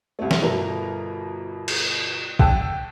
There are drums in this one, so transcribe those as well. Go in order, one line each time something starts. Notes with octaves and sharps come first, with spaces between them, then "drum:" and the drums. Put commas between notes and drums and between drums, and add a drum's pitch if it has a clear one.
C2 A3
drum: snare
G1 B2 E4 A4 A#4 F7
drum: cymbal
F#5 G5 A5 E6 F#6, drum: kick